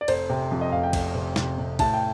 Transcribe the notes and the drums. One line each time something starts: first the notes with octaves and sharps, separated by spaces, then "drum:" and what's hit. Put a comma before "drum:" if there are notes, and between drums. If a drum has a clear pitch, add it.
D5
F1 C5, drum: cymbal
C3
F2
D#5
F1 F5
G5
F1, drum: kick, cymbal
C3
C3, drum: snare
C3
A2 A5, drum: kick, cymbal
G5